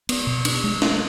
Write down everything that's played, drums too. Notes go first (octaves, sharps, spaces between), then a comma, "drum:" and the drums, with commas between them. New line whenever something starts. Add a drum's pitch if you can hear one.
B3, drum: cymbal
B2
D4, drum: cymbal
G#3
A3, drum: snare